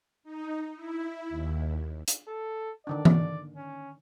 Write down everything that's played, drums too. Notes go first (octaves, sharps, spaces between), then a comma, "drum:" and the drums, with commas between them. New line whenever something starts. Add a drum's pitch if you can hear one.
D#4
E4
D#2
drum: hi-hat
A4
D3 D#3 D4 D5
drum: tom E3
C#4